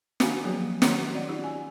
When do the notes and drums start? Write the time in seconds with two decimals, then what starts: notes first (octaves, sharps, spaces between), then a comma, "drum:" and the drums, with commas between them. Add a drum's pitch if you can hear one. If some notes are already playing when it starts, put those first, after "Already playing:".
0.20 D#3 D4 F#4 G4 F5 G#5, drum: snare
0.43 F3 F#3 A#3 G#4 B4 C#5
0.82 D#3 C#4 D#4 C#5 C6, drum: snare
1.13 C#4 F#4 D5 D#5 F#5
1.29 C#4 D#4 F4 G4
1.44 G#5